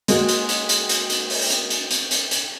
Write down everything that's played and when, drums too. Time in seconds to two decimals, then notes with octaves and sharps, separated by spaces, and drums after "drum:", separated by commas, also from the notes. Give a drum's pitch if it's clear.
0.08 G#3 A#3 F#4, drum: hi-hat
0.29 drum: hi-hat
0.49 drum: hi-hat
0.69 drum: hi-hat
0.89 drum: hi-hat
1.10 drum: hi-hat
1.30 drum: open hi-hat
1.50 drum: hi-hat
1.70 drum: hi-hat
1.91 drum: hi-hat
2.11 drum: hi-hat
2.31 drum: hi-hat